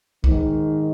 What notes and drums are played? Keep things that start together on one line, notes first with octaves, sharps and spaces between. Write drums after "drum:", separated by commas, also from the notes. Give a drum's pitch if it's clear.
G#2 D#3, drum: kick